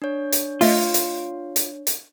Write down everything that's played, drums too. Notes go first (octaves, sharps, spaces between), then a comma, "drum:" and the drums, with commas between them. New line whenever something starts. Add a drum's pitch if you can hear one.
D4 C#5
drum: hi-hat
A3 F4 D#5 E5, drum: open hi-hat
drum: hi-hat
drum: hi-hat
drum: hi-hat